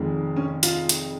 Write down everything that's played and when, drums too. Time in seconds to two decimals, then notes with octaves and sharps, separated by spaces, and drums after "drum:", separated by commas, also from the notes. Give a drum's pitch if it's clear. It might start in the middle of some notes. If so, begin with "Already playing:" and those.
Already playing: F1 F2 D#3 G#3
0.36 C#4
0.63 F4, drum: hi-hat
0.89 drum: hi-hat